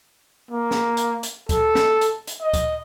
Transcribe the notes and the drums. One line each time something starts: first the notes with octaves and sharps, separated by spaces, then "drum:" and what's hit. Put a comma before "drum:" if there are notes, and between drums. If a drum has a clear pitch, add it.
A#3
drum: snare
drum: hi-hat
drum: hi-hat
A4, drum: kick C#2, hi-hat
drum: snare
drum: hi-hat
drum: hi-hat
D#5
drum: kick C#2, hi-hat